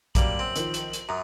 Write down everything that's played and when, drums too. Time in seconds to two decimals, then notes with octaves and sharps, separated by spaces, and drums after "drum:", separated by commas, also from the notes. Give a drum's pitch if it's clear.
0.15 F#2 G3 A#3 F#7, drum: kick A#1, hi-hat
0.39 C4
0.56 D#3 F3, drum: hi-hat
0.74 drum: hi-hat
0.93 drum: hi-hat
1.09 F#2 A#5 D#6